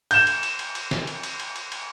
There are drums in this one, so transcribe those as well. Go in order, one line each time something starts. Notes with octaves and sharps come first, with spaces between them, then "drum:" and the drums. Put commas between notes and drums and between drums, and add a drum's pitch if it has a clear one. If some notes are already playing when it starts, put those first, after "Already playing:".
G6 E7, drum: cymbal
drum: cymbal
drum: cymbal
drum: cymbal
drum: cymbal
drum: snare
drum: cymbal
drum: cymbal
drum: cymbal
drum: cymbal
drum: cymbal